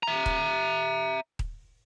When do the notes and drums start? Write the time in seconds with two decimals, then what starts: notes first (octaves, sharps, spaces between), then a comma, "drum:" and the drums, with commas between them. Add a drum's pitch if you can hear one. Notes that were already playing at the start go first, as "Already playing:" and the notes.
0.03 E5 A#5
0.26 drum: kick D#1
1.39 drum: kick D#1